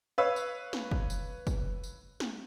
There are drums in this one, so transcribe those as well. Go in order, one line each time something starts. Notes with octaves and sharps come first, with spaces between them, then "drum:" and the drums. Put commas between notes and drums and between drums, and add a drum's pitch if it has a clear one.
B4 C#5 F5 E6
drum: tambourine
drum: snare
drum: kick
drum: tambourine
drum: kick, tambourine
drum: tambourine
drum: snare